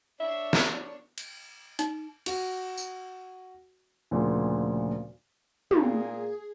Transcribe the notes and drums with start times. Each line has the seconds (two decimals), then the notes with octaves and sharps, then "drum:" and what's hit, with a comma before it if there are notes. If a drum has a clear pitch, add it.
0.20 D4 C#5 E5
0.53 drum: snare
1.18 drum: cymbal
1.79 D#4, drum: hi-hat
2.26 F#4, drum: cymbal
2.77 drum: tambourine
4.11 D2 A#2 C#3 F3 A#3
5.71 A#2 G#4, drum: tom